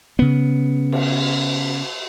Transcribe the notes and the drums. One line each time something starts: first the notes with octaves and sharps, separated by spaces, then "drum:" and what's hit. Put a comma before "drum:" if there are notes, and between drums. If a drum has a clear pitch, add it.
C#3 B3
drum: cymbal